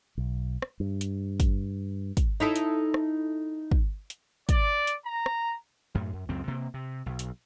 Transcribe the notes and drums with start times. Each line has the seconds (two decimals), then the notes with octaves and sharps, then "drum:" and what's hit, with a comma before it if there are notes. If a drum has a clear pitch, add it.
0.17 B1
0.62 drum: rim click
0.80 G2
1.01 drum: hi-hat
1.40 drum: kick, hi-hat
2.17 drum: kick, hi-hat
2.40 D#4 E4 A4
2.56 drum: hi-hat
2.94 drum: rim click
3.71 drum: kick
4.10 drum: hi-hat
4.49 D5, drum: kick, hi-hat
4.87 drum: hi-hat
5.05 A#5
5.26 drum: rim click
5.94 F#2 A2
6.13 F#2
6.29 C#2 F#2 C4
6.48 C3 A#3
6.74 C3
7.06 B1
7.19 drum: hi-hat